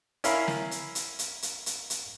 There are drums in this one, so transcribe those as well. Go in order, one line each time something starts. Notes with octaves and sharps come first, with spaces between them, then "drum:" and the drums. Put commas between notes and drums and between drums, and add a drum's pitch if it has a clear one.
C#4 E4 A#4 F5 B5, drum: hi-hat
drum: snare
drum: hi-hat
drum: hi-hat
drum: hi-hat
drum: hi-hat
drum: hi-hat
drum: hi-hat